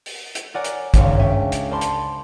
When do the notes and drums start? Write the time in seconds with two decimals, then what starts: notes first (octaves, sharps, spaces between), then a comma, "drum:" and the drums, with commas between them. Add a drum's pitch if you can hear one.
0.06 drum: open hi-hat
0.35 drum: hi-hat
0.54 A#4 C#5 D5 F#5 G#5
0.64 drum: hi-hat
0.94 G#1 C#2 G2 A#4 C#5 F5, drum: kick, hi-hat
1.19 C#4 C#5 E5 F5 G5 G#5
1.52 drum: hi-hat
1.71 A#4 C5 D5 A5 B5 C6
1.81 drum: hi-hat